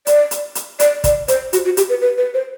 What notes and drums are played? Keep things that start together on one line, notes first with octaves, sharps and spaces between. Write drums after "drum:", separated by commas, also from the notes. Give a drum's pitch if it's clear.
D5, drum: hi-hat
drum: hi-hat
drum: hi-hat
D5, drum: hi-hat
D5, drum: kick, hi-hat
C5, drum: hi-hat
F#4, drum: hi-hat
F#4
G4, drum: hi-hat
B4
B4
B4
C5